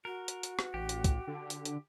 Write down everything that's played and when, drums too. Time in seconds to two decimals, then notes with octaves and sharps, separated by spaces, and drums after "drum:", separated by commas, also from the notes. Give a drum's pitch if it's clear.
0.05 F#4 A#4
0.28 drum: hi-hat
0.43 drum: hi-hat
0.59 drum: rim click
0.74 A1 G4
0.89 drum: hi-hat
1.04 drum: kick C2, hi-hat
1.28 D3
1.50 drum: hi-hat
1.65 drum: hi-hat